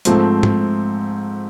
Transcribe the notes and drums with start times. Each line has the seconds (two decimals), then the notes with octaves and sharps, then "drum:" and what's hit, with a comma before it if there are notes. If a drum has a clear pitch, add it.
0.05 G#2 F3 A3 C4, drum: hi-hat
0.43 drum: tom